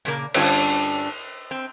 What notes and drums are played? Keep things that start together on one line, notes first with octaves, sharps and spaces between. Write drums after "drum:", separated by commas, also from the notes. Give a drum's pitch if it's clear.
A#2 C#3 A#3, drum: tambourine
G2 D3 G3 C#4 D4 F4, drum: cymbal
C4